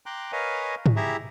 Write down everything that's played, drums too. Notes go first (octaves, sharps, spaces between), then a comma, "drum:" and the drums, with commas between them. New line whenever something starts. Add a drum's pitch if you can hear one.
G5 A#5 C6 D6 F#6
A#4 B4 C#5 D#5 F5 G#5
drum: tom G#2
E4 G4 G#4 E5 A#5